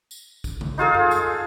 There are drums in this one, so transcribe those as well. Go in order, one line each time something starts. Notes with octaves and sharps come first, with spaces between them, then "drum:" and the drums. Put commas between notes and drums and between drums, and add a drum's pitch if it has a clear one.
drum: tambourine
drum: kick, tambourine
drum: tom C#3
D#4 F4 G#4 A4
drum: tom F2
drum: tambourine